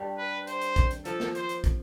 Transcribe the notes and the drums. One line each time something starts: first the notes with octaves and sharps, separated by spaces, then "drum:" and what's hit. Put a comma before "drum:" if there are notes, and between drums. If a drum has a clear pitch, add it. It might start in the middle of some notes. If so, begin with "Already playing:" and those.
Already playing: G2 G3
B4
C5, drum: hi-hat
drum: hi-hat
drum: kick, hi-hat
drum: hi-hat
F3 A4, drum: hi-hat
drum: snare
C5, drum: hi-hat
drum: hi-hat
drum: kick, hi-hat